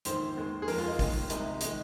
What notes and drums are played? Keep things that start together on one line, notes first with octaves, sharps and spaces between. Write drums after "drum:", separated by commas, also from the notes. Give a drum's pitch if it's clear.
A#1 G#2 D#3 C5, drum: hi-hat
D#2 D#3 G#3
G#4
F2 F3 G#3 A#4, drum: open hi-hat
F4
D#4
D#2 D#3 G#3, drum: kick, open hi-hat
C2 C3 G#3 D#4, drum: hi-hat
D#3 G#3 D#4, drum: hi-hat